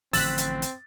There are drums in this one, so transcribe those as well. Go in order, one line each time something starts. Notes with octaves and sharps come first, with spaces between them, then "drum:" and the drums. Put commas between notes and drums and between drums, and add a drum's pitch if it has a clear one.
A1 D3 F3 C4 E6 F#6 A6 B6, drum: open hi-hat
drum: hi-hat
drum: hi-hat